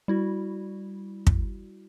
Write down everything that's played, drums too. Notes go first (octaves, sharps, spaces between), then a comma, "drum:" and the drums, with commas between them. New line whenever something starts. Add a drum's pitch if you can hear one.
G3 E4 F#4
drum: kick